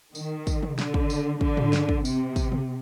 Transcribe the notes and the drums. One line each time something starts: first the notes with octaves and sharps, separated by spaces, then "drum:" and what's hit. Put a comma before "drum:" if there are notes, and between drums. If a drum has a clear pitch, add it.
D#3, drum: tambourine
drum: kick, tambourine
drum: tom
D3, drum: snare
drum: kick
drum: tambourine
D3, drum: kick
drum: tom
drum: snare
drum: kick
C3, drum: tambourine
drum: kick, tambourine
drum: tom